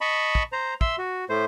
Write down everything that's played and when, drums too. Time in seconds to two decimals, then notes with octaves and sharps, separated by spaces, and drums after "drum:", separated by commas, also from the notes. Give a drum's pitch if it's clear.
0.01 D#5 A5 B5 C#6
0.35 drum: kick
0.52 C5 A#5
0.81 E5 C6 E6, drum: kick
0.98 F#4
1.29 A2 A3 C5